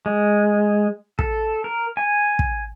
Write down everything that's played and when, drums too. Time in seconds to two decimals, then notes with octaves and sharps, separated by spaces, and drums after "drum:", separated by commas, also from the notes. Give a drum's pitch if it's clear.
0.06 G#3
1.19 A4, drum: kick
1.64 A#4
1.97 G#5
2.39 drum: kick